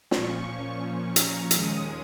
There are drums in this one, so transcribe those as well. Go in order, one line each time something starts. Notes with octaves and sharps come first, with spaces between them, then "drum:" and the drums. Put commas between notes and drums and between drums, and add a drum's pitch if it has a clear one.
A#2 F3 C#4 C#6, drum: snare
C#6
A#5, drum: hi-hat
D#2 D#3 G#3 C#4 D#6, drum: hi-hat